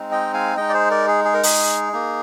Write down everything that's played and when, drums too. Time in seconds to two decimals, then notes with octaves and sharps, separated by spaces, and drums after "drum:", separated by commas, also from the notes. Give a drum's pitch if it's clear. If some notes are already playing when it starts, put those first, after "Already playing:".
Already playing: G#3 C4 D#4
0.11 D#5 G5
0.34 F5 G#5
0.57 G#3 D#4 D#5 G5
0.69 D5
0.74 G#4 C5
0.91 A#4 D5
1.08 G#4
1.25 G#4
1.34 A#4
1.43 G#4, drum: open hi-hat
1.93 A#3 D#4